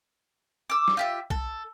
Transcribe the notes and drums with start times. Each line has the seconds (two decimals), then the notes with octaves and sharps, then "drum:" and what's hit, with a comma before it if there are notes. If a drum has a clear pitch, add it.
0.70 D6 E6
0.88 drum: snare
0.97 F4 G4 E5
1.30 A4, drum: kick